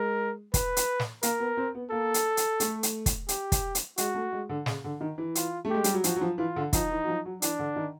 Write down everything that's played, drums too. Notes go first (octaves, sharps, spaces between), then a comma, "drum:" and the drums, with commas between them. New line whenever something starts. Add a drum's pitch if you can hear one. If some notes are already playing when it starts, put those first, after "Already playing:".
Already playing: G#3 A#4
B4, drum: kick, hi-hat
drum: hi-hat
drum: snare
A#3 A#4, drum: hi-hat
B3
C4
B3
A#3 A4
drum: hi-hat
drum: hi-hat
A3, drum: hi-hat
drum: hi-hat
drum: kick, hi-hat
G4, drum: hi-hat
drum: kick, hi-hat
drum: hi-hat
G#3 F#4, drum: hi-hat
A3
G#3
D3
C#3, drum: snare
D3
D#3
E3
F4, drum: hi-hat
A3
G#3 G4
G3, drum: hi-hat
F#3
F3 F#4, drum: hi-hat
F#3
F3
E3 F4
D3
F3 D#4, drum: kick, hi-hat
E3
F#3
F3
F#3
E3 D4, drum: hi-hat
D3
D#3